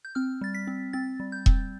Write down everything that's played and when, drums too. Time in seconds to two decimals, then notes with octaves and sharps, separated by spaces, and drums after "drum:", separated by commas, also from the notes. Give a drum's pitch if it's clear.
0.05 G6
0.15 C4 F6
0.41 G3 A6
0.55 B6
0.67 C4
0.93 C4 A6
1.20 G3
1.32 G6
1.46 C4, drum: kick E1